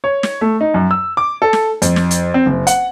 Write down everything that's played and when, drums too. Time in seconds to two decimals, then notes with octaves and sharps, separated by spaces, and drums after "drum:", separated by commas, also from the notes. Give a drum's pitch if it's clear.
0.04 C#5
0.23 drum: snare
0.41 A3
0.61 D#4
0.74 F#2
0.91 E6
1.17 D6
1.42 A4
1.53 drum: snare
1.82 F2, drum: hi-hat
1.96 drum: snare
2.11 drum: hi-hat
2.34 C4
2.46 F#1
2.67 F#5, drum: hi-hat